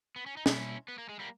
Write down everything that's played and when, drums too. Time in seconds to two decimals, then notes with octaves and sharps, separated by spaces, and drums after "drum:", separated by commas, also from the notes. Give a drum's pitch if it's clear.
0.16 B3
0.26 C#4
0.37 D#4
0.46 B2 G3 A#3 C#4 E4, drum: snare
0.88 B3
0.98 A#3
1.09 G#3
1.19 G3 A#3